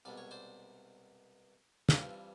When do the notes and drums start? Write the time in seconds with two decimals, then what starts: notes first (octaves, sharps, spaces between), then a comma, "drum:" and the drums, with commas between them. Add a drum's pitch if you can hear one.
0.05 C2 B2 G#3 D5
0.18 C#5
0.31 C5 D5
1.89 G2 E3 G3 C4 F4, drum: snare